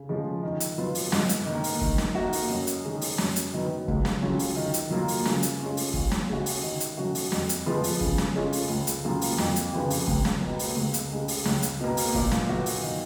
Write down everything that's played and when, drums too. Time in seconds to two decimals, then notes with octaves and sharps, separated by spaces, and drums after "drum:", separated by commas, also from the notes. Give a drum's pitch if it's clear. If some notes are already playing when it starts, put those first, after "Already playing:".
Already playing: C#3
0.09 F3 G#3 C#4 F4
0.43 D#3
0.60 drum: hi-hat
0.78 F#3 B3 F4
0.95 drum: open hi-hat
1.12 G#2, drum: snare
1.29 drum: hi-hat
1.46 D#3 A#3
1.64 drum: open hi-hat
1.81 D#3, drum: kick
1.98 drum: snare
2.15 A#3 D#4 F#4
2.33 drum: open hi-hat
2.50 F#2
2.67 drum: hi-hat
2.85 D#3 G#3
3.01 drum: open hi-hat
3.18 F#2, drum: snare
3.36 drum: hi-hat
3.54 D#3 F#3 B3
3.88 C#2, drum: kick
4.05 drum: snare
4.22 C#3 F#3 C#4 F4
4.39 drum: open hi-hat
4.56 D#3
4.74 drum: hi-hat
4.91 F#3 A#3 F4
5.08 drum: open hi-hat
5.25 C#3, drum: snare
5.43 drum: hi-hat
5.60 G#3 C#4 F4
5.77 drum: open hi-hat
5.94 D#2, drum: kick
6.11 drum: snare
6.29 C#3 G#3 C#4 F#4
6.46 drum: open hi-hat
6.63 D#3
6.80 drum: hi-hat
6.97 F#3 C#4 F#4
7.15 drum: open hi-hat
7.32 F2, drum: snare
7.49 drum: hi-hat
7.66 F3 G#3 B3 F4
7.84 drum: open hi-hat
8.01 C#3, drum: kick
8.18 drum: snare
8.36 G#3 C#4 F4
8.53 drum: open hi-hat
8.70 C#2
8.87 drum: hi-hat
9.04 C#3 F#3 A#3 F4
9.21 drum: open hi-hat
9.38 F2, drum: snare
9.56 drum: hi-hat
9.73 C#3 F3 B3 F#4
9.90 drum: open hi-hat
10.08 C#2, drum: kick
10.25 drum: snare
10.42 B2 A#3
10.59 drum: open hi-hat
10.76 C#2
10.94 drum: hi-hat
11.11 C#3 G#3
11.28 drum: open hi-hat
11.45 C#2, drum: snare
11.63 drum: hi-hat
11.80 B2 A#3
11.97 drum: open hi-hat
12.15 A#2, drum: kick
12.31 drum: snare
12.49 F#3 B3 F#4
12.66 drum: open hi-hat
12.83 D#3